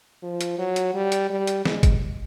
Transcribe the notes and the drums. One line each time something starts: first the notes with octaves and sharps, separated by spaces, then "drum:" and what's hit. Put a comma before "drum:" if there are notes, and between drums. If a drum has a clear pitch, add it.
F3
drum: hi-hat
F#3
drum: hi-hat
G3
drum: hi-hat
G3
drum: hi-hat
G#3, drum: snare
drum: kick, hi-hat